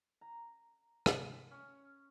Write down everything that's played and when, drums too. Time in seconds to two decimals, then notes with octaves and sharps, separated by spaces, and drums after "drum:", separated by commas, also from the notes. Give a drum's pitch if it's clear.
0.21 A#5
1.06 drum: rim click
1.51 C#4